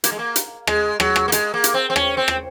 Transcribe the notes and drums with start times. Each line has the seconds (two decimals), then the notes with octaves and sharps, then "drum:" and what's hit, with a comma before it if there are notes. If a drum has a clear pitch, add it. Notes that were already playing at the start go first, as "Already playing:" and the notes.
0.04 A#3, drum: hi-hat
0.12 G#3
0.19 A#3
0.36 drum: hi-hat
0.67 G#3, drum: rim click
1.00 F#3, drum: rim click
1.16 drum: rim click
1.28 A#3
1.32 G#3, drum: hi-hat
1.54 A#3
1.64 drum: hi-hat
1.74 C4
1.90 C4
1.96 C#4, drum: rim click
2.17 C4
2.28 drum: rim click